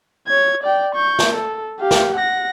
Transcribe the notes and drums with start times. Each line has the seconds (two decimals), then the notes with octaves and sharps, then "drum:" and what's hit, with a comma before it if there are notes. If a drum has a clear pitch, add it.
0.27 C#5 G#6
0.63 D5 G5
0.95 C#6 G6
1.19 drum: snare
1.32 A4
1.80 G4 F5
1.91 drum: snare
2.15 F#5 A#6